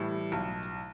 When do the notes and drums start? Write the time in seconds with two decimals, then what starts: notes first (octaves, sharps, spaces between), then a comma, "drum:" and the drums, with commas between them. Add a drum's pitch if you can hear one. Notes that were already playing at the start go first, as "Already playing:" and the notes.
Already playing: A2 E3 G3
0.32 B1, drum: hi-hat
0.63 drum: hi-hat